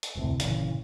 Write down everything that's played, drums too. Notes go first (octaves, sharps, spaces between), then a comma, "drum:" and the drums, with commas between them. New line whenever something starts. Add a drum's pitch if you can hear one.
drum: hi-hat
F1 D2 A2 C3
G1 A#2 C#3 E3, drum: hi-hat